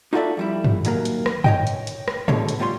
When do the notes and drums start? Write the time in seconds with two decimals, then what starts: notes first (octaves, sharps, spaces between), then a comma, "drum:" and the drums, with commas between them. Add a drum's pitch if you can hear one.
0.13 D#4 F4 F#4 A4 D5 E5
0.37 F2 G3 E4
0.64 drum: tom
0.85 D#2 F#3 A#3, drum: hi-hat
1.05 drum: hi-hat
1.26 drum: rim click
1.44 C#5 D#5 G5, drum: tom
1.67 drum: hi-hat
1.87 drum: hi-hat
2.08 drum: rim click
2.28 D2 B2 D3 G#3 C#5, drum: tom
2.49 drum: hi-hat
2.59 D2 G2 G3 F4 C#5 C6